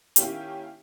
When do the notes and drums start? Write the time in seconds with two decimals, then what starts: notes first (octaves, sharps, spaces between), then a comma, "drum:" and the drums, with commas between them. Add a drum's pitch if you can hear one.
0.16 D#3 A#3 C#4 E4 G4, drum: hi-hat